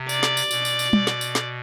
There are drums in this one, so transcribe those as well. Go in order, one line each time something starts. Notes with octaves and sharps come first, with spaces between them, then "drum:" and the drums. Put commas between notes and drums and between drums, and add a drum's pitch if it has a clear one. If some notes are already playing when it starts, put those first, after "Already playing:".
Already playing: C3
D5, drum: tambourine
drum: snare
drum: tambourine
B2, drum: tambourine
drum: tambourine
drum: tambourine
B2, drum: tom
drum: snare
drum: tambourine
drum: snare